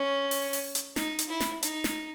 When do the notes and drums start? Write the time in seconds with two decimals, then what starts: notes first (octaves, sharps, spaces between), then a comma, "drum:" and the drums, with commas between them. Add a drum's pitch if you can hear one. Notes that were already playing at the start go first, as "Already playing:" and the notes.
Already playing: C#4
0.31 drum: open hi-hat
0.53 drum: open hi-hat
0.75 drum: hi-hat
0.96 D#4, drum: snare
1.19 drum: hi-hat
1.29 E4
1.40 drum: snare
1.63 D#4, drum: hi-hat
1.84 drum: snare